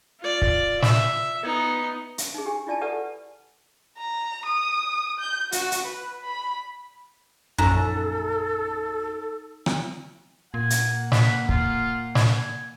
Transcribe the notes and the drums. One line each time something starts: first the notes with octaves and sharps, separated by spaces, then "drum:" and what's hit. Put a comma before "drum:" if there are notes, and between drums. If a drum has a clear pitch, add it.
F4 D5
drum: kick
E5, drum: snare
B3 D#4
drum: hi-hat
D#4 G#4
G4 G#5
E4 F4 D5 G#5 A5
G4 A4 B4 D5 F#5 D#6
A#5
D#6
G6
F#4, drum: hi-hat
drum: hi-hat
B4
B5
A#1 F#2 D#4 A4 A#5
drum: rim click
A#2 A#3 F#5 G#5
drum: hi-hat
B4, drum: snare
F4, drum: kick
G#5, drum: snare